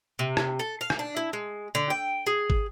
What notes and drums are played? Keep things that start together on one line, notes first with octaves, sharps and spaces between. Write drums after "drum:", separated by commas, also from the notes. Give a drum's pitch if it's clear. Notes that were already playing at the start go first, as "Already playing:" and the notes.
C3
drum: rim click
A4
F5
drum: rim click
D4
E4
G#3
D3
G5
G#4
drum: kick